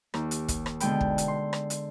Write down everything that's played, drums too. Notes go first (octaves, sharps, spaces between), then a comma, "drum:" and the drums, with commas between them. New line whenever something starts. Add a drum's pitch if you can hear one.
D#2, drum: rim click
drum: hi-hat
drum: kick, hi-hat
drum: rim click
B2 D3 G#3 G5 B5, drum: hi-hat
drum: kick
drum: hi-hat
C6
drum: rim click
drum: hi-hat